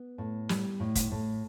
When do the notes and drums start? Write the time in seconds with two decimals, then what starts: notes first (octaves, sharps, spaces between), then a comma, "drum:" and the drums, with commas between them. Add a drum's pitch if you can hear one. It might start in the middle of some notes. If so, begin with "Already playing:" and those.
Already playing: B3
0.18 A2
0.49 G3, drum: snare
0.80 A2
0.95 drum: kick, hi-hat
1.11 A2